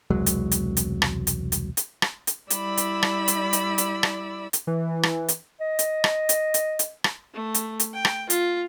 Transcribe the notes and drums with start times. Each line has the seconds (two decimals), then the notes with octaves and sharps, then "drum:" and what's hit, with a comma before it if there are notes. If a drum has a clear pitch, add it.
0.10 E1 C2 F#3 G#3
0.26 drum: hi-hat
0.51 drum: hi-hat
0.77 drum: hi-hat
1.02 drum: rim click
1.27 drum: hi-hat
1.52 drum: hi-hat
1.77 drum: hi-hat
2.02 drum: rim click
2.27 drum: hi-hat
2.50 G3 E4 D5 B5 E6, drum: hi-hat
2.77 drum: hi-hat
3.03 drum: rim click
3.28 drum: hi-hat
3.53 drum: hi-hat
3.78 drum: hi-hat
4.03 drum: rim click
4.53 drum: hi-hat
4.67 E3
5.03 drum: rim click
5.28 drum: hi-hat
5.60 D#5
5.79 drum: hi-hat
6.04 drum: rim click
6.29 drum: hi-hat
6.54 drum: hi-hat
6.79 drum: hi-hat
7.04 drum: rim click
7.33 A3
7.54 drum: hi-hat
7.80 drum: hi-hat
7.93 G5
8.05 drum: rim click
8.30 F4, drum: hi-hat